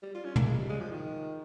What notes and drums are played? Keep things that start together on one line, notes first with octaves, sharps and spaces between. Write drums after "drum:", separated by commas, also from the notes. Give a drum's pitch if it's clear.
G3
F4
C#4
A#3, drum: tom
G#3
G3
G#3
F3
D#3